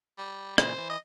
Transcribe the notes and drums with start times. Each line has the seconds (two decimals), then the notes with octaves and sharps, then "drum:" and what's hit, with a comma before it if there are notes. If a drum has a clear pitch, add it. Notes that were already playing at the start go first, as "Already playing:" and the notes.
0.18 G3
0.58 A#2 C#3 E3 C5, drum: rim click
0.78 E3
0.90 D#5